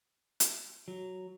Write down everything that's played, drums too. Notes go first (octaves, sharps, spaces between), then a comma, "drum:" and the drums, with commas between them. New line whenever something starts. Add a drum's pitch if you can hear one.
drum: hi-hat
F#3